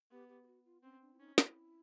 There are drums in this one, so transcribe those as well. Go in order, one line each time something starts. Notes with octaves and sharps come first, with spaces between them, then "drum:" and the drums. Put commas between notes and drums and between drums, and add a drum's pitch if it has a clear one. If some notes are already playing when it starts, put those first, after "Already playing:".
B3 G4
G4
G4
F#4
F4
C4 C#4
D4
E4
C#4 D#4
E4, drum: snare